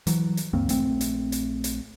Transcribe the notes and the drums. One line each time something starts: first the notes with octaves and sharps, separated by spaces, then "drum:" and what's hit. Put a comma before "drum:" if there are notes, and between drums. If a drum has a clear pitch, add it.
E3 F#3, drum: hi-hat
drum: hi-hat
D2 G2 A#3 C4
A#1 A3 C4, drum: hi-hat
drum: hi-hat
drum: hi-hat
drum: hi-hat